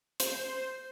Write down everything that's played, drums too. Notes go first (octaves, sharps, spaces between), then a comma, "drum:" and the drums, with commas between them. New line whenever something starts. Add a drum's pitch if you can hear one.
C5, drum: hi-hat